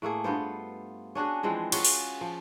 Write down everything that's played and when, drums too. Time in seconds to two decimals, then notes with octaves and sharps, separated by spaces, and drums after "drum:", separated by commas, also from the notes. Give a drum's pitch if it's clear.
0.02 A2 A3 A#3 G#4
0.24 G2 B3 F4 C5
1.15 C#4 D4 F#4 G#4
1.43 E3 F3 G#3 C4
1.72 C#4 F4 F#4 G#4, drum: cymbal
1.85 drum: open hi-hat
2.21 F3